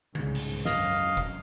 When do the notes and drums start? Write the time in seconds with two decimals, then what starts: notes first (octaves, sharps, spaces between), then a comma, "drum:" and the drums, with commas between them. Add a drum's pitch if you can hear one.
0.15 C2 G#2 C#3, drum: tom D3
0.35 drum: cymbal
0.65 F#2 D#5 F5, drum: snare
1.17 drum: kick F#1